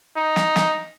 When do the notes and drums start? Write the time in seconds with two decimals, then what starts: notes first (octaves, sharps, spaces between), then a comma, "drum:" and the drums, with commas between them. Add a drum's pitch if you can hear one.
0.16 D#4
0.36 drum: snare
0.56 drum: snare